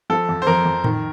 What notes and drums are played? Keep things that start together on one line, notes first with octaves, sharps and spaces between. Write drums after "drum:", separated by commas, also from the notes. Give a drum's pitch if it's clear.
F3 A4
F2
C5
F2 A#4
F2
D#3, drum: tom A2